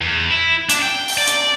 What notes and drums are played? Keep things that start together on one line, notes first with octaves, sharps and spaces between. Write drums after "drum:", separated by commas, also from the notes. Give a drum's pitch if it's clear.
E2
E4
D4, drum: hi-hat
G5
drum: open hi-hat
D5
drum: hi-hat